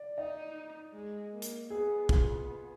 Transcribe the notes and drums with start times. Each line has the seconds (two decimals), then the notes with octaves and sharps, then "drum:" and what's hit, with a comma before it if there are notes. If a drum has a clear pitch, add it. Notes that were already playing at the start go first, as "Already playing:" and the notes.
Already playing: D5
0.18 D#4 D#5
0.93 G#3
1.33 A#3
1.42 drum: hi-hat
1.70 B3 G#4
2.09 F4, drum: kick